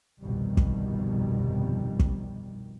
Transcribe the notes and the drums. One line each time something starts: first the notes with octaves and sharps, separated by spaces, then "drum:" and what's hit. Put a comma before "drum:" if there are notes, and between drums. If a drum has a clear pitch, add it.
G1 C2 F2 B2 D#3 G3
drum: kick
drum: kick